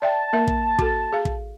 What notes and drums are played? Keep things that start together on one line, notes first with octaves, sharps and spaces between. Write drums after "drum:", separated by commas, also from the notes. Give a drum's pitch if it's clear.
D5 E5 G5 A5
A#3 A#4 E5
drum: kick
F#4 A4, drum: kick
G#4 F5
drum: kick